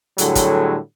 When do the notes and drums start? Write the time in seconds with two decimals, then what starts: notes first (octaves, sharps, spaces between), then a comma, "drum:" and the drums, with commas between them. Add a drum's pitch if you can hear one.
0.18 A2 D3 F#3 G3 G#4, drum: hi-hat
0.35 drum: kick, hi-hat